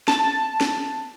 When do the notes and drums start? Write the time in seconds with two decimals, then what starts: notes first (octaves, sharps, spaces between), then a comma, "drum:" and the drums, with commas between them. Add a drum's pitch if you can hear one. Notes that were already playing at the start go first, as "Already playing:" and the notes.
0.08 A5, drum: snare
0.61 drum: snare